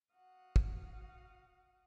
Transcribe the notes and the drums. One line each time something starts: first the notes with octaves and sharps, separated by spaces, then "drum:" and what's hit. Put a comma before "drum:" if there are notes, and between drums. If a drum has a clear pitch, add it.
F#4 F5 F#5 D#6
drum: kick